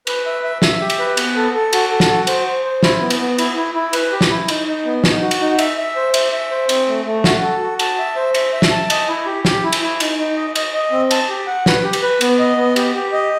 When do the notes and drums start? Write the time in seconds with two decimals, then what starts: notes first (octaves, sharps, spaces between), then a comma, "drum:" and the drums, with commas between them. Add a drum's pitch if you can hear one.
0.07 B4, drum: cymbal
0.26 E5
0.44 E5
0.62 E5, drum: snare
0.80 G4
0.90 drum: cymbal
0.99 B4
1.17 B3, drum: cymbal
1.36 A4
1.54 A4
1.73 F#4, drum: cymbal
1.91 A4
2.00 drum: snare
2.09 F#4
2.27 C5, drum: cymbal
2.46 C5
2.64 C5
2.83 E4, drum: snare
3.01 B3
3.10 drum: cymbal
3.20 B3
3.38 E4, drum: cymbal
3.56 E4
3.74 E4
3.93 B4, drum: cymbal
4.12 G4
4.21 drum: snare
4.30 E4
4.48 D#4, drum: cymbal
4.67 D#4
4.85 B3
5.04 D#4, drum: snare
5.22 F#4
5.31 drum: cymbal
5.40 D#4
5.59 E5, drum: cymbal
5.77 E5
5.96 C5
6.14 E5, drum: cymbal
6.32 E5
6.50 C5
6.69 C4, drum: cymbal
6.88 A3
7.05 A3
7.24 F#4, drum: snare
7.43 A4
7.61 F#4
7.79 A5, drum: cymbal
7.98 E5
8.16 C5
8.34 E5, drum: cymbal
8.53 E5
8.62 drum: snare
8.71 A5
8.90 D#5, drum: cymbal
9.08 E4
9.26 G4
9.45 G4, drum: snare
9.63 E4
9.72 drum: cymbal
9.82 E4
10.00 D#4, drum: cymbal
10.18 D#4
10.36 D#5
10.55 D#5, drum: cymbal
10.74 D#5
10.91 C4
11.11 A5, drum: cymbal
11.29 G4
11.47 F#5
11.66 B4, drum: snare
11.83 G4
11.93 drum: cymbal
12.02 B4
12.21 B3, drum: cymbal
12.39 D#5
12.57 B3
12.76 G4, drum: cymbal
12.95 G4
13.12 D#5